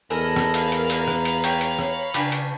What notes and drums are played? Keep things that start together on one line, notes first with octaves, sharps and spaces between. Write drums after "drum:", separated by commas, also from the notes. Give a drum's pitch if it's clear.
E2 A4 A#4 D#5 G#5 B5
drum: rim click
F5 A#5 B5, drum: cymbal
drum: cymbal
drum: cymbal
drum: rim click
drum: cymbal
G4 C#5, drum: cymbal
drum: cymbal
drum: rim click
C#3 D4 G4 B4, drum: cymbal
drum: cymbal